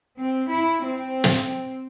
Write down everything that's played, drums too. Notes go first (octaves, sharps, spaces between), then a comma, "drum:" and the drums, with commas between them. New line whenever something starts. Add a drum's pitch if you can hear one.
C4
E4
C4
drum: snare